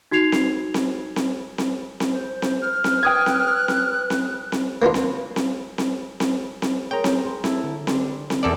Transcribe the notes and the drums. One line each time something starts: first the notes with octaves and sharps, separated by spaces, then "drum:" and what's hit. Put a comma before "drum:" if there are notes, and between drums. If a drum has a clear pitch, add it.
D#4 F#4 G#6 C7 F7
drum: snare C4
drum: snare C4
drum: snare C4
drum: snare C4
drum: snare C4
C5
drum: snare C4
F6
drum: snare C4
B4 G5 D#6 F#6 G#6
drum: snare C4
drum: snare C4
drum: snare C4
drum: snare C4
A#3 B3 D4 F4
drum: snare C4
drum: snare C4
drum: snare C4
drum: snare C4
drum: snare C4
G#4 A#4 C5 C#5 G5 A#5
drum: snare C4
C5
E4 A5, drum: snare C4
D3
D4 G4 C5, drum: snare C4
drum: snare C4
E2 B2 E3 A4 A#4 D5